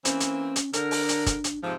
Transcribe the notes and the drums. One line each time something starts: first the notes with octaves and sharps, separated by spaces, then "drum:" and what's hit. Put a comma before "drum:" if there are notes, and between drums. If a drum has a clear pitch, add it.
E3 A#3 C4 C#4, drum: hi-hat
drum: hi-hat
drum: hi-hat
D3 D4 A#4, drum: hi-hat
drum: open hi-hat
drum: hi-hat
drum: kick, hi-hat
drum: hi-hat
G#2 C3 F3